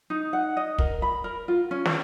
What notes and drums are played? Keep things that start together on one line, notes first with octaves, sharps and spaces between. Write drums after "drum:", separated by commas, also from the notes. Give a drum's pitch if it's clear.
D#4
F#5
D#5
A#4, drum: kick
B5
A#4
F4
C#4
drum: snare